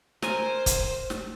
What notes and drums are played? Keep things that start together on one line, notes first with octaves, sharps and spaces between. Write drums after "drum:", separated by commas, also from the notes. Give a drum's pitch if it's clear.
A#4 C5 G#5, drum: snare
drum: kick, hi-hat
drum: snare